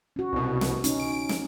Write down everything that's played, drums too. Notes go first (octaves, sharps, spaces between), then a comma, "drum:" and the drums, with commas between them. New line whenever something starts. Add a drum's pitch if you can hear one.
C#4 F#4
C2 B2
drum: snare
C#4 D#4, drum: hi-hat
D7
drum: snare